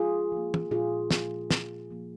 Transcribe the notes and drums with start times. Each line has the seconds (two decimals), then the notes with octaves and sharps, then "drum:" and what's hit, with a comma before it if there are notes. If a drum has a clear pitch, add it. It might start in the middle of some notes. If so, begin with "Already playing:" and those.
Already playing: F4 G#4
0.32 F3 A#3
0.54 drum: tom
0.71 A#2 F4 G#4
1.11 F3 A#3, drum: snare
1.51 A#2, drum: snare
1.91 F3 A#3